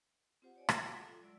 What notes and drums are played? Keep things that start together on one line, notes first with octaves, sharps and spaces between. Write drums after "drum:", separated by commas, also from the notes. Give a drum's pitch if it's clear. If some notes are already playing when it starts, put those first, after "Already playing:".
C4 F4 G4 C5 F#5
C#5 D5 G#5
F#4 G#4 F5 C#6, drum: rim click
F4 F#5 G#5
F4 A4
F#3 G#3 D5 E6